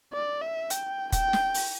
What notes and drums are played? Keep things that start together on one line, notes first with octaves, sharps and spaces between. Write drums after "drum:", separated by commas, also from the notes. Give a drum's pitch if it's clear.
D5
E5
G5, drum: hi-hat
G5, drum: kick, hi-hat
drum: snare
drum: open hi-hat